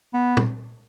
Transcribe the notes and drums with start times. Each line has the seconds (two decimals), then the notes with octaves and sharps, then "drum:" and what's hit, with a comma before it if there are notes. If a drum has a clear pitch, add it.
0.13 B3
0.37 drum: tom A#2